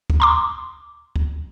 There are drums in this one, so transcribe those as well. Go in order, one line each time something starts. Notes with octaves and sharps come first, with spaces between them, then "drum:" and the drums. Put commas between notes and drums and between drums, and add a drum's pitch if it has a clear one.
drum: kick
A#5 C6 D6
drum: kick